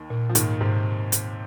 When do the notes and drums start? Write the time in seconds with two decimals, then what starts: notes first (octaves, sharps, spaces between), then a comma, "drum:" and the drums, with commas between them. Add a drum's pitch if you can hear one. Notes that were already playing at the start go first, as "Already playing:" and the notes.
Already playing: D#2 D#3
0.10 A#2
0.29 F3
0.35 D#2 G#2 D#3, drum: hi-hat
0.60 G#2 C3 C4
1.12 drum: hi-hat